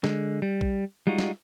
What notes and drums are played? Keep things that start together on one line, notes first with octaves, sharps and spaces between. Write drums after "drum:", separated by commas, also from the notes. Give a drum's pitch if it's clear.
D3 G#3, drum: snare
G3
drum: kick
G3 G#3 D#4 F4 F#4
drum: snare